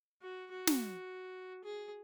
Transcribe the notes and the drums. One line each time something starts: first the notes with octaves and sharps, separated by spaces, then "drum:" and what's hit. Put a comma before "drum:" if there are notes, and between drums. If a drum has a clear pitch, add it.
F#4
F#4
drum: snare
G#4